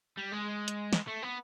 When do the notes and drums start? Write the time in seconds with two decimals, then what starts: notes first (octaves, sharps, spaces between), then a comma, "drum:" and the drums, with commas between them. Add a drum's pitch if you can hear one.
0.18 G3
0.32 G#3
0.68 drum: hi-hat
0.93 drum: snare
1.08 A3
1.23 B3